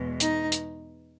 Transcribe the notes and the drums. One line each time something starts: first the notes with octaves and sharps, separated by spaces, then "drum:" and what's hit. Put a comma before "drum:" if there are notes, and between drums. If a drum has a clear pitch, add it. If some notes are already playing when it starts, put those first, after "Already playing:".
Already playing: E2 B2 G#3
D#4, drum: hi-hat
drum: hi-hat